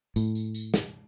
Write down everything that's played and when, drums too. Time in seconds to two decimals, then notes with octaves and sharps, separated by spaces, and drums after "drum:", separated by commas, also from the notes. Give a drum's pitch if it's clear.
0.16 A2, drum: tambourine
0.35 drum: tambourine
0.54 drum: tambourine
0.74 drum: snare